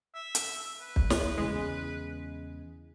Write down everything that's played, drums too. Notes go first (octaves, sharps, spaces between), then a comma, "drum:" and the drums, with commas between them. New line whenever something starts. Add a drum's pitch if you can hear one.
E5
drum: hi-hat
B4
drum: kick
drum: snare
E2 C#3 G#3